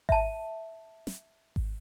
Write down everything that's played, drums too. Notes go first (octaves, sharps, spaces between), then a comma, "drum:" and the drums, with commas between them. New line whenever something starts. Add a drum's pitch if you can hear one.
E5 A5, drum: kick G#1
drum: snare
drum: kick G#1